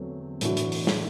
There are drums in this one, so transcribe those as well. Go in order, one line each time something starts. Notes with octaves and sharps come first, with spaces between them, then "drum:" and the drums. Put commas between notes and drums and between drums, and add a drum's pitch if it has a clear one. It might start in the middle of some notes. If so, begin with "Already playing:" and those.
Already playing: E2 D3 F#3 A3 C4
A2 E3 A3 D4 F#4, drum: hi-hat
drum: hi-hat
drum: open hi-hat
drum: snare